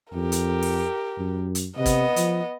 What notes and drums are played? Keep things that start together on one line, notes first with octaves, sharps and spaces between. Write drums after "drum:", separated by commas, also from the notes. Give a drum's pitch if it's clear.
F2 G4 A#4
drum: hi-hat
drum: open hi-hat
F#2
drum: hi-hat
C3 B3 D#5
drum: kick G#1, hi-hat
F3, drum: hi-hat